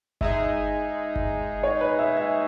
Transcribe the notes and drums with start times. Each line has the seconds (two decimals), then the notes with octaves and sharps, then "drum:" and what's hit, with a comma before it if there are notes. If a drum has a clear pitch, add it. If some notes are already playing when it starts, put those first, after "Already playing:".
0.21 G#3 D#4 G#4 E5, drum: kick G1
1.16 drum: kick G1
1.63 C#5
1.81 B4
1.99 E5
2.17 E5